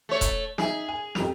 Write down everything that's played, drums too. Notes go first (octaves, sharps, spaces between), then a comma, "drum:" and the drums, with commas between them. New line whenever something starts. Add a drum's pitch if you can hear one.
A3 C#5
drum: kick E1, hi-hat
D#4 G#4 E5 G#5, drum: snare
G#5
F2 G4 F7, drum: snare